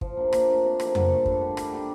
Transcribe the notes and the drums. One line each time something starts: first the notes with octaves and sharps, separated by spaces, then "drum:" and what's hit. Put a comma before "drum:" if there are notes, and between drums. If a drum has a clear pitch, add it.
F3, drum: kick
A#3 D4
A#2, drum: rim click
A3 D4
C3
F3 A#3, drum: rim click
D3, drum: tom F2
A3 D4 A4
G3, drum: kick
D4 G4
G3, drum: rim click
A#3 D4 G4